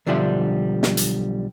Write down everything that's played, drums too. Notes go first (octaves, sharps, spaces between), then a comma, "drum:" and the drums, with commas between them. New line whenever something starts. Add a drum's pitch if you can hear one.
B1 D3 F3 G3 D4 E5
drum: snare
drum: hi-hat